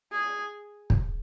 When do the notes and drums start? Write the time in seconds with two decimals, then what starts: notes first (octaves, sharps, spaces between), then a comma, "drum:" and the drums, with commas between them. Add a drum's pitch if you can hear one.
0.12 G#4
0.90 drum: kick